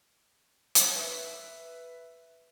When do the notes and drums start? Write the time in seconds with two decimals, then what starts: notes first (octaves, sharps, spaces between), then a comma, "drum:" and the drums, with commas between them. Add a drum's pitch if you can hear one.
0.75 drum: hi-hat
0.96 B4 E5